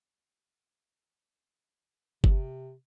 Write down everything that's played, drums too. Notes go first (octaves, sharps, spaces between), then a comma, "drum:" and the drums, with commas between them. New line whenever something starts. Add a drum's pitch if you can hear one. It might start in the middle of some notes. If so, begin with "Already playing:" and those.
C3, drum: kick G1